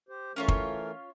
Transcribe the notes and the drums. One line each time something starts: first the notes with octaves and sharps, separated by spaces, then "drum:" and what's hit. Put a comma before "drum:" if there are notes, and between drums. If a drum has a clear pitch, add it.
G4 C5
E3 A3 C#4 F4 A#4 C#5
drum: kick